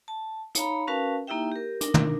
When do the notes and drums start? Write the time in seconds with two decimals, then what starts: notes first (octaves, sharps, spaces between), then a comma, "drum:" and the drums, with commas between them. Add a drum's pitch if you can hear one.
0.08 A5
0.55 D#4 C#5 F5 A#5 B5, drum: hi-hat
0.87 C#4 F#4 A#4 B4 F5 A5
1.27 A#3 D#4 E4 G4 E5 G5
1.52 G4 A#4
1.81 D4 D#4 A#4, drum: hi-hat
1.94 drum: tom